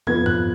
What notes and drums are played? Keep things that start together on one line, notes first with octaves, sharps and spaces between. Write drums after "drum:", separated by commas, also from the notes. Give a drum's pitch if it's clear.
F2 F3 B3 G#6, drum: tom
F#6, drum: tom G2